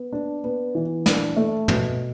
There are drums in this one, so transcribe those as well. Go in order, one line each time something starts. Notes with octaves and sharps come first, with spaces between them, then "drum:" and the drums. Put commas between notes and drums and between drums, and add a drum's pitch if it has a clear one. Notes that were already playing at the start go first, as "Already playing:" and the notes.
Already playing: B3
D4
B3
E3
D4, drum: snare
A3
B2, drum: tom